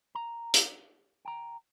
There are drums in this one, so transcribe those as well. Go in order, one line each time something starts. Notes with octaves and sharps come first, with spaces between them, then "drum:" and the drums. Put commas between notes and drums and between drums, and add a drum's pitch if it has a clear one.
A#5
drum: hi-hat
G5 A#5